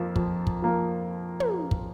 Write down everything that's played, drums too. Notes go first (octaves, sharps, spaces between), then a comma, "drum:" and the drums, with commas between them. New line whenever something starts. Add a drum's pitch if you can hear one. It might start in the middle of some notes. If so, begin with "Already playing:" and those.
Already playing: F2 F3 A#3
F2, drum: kick
drum: kick
F3 A#3
drum: tom
drum: kick